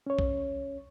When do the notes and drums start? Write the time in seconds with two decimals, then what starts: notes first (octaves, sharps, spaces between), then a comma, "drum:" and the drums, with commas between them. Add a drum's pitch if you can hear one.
0.07 C#4 C#5
0.19 drum: kick B1